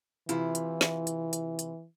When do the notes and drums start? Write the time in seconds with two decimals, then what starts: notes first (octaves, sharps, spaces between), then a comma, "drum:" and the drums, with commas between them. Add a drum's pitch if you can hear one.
0.29 C3 E3 E4 F4, drum: hi-hat
0.55 drum: hi-hat
0.81 drum: snare
1.07 drum: hi-hat
1.33 drum: hi-hat
1.59 drum: hi-hat